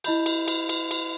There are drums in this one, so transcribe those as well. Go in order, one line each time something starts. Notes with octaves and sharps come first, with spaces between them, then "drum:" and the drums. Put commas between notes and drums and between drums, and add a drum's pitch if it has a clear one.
E4 D#5 B5 G6, drum: cymbal
drum: cymbal
drum: cymbal
drum: cymbal
drum: cymbal